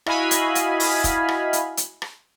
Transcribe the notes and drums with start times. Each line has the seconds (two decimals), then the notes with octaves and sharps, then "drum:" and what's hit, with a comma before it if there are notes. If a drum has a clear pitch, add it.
0.06 E4 F#4 D#5 F5 G#5 B5, drum: rim click
0.31 drum: hi-hat
0.55 drum: hi-hat
0.80 drum: open hi-hat
1.04 drum: kick, hi-hat
1.28 drum: rim click
1.53 drum: hi-hat
1.77 drum: hi-hat
2.02 drum: rim click